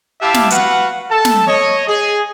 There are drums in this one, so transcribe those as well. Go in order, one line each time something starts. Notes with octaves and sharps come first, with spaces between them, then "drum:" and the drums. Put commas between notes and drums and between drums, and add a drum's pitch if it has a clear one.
E4 G4 E5 F5 A5 D6
drum: snare
F#4 B4 F5 F#5, drum: hi-hat
A4 A5
drum: snare
C#5 D#5
G#4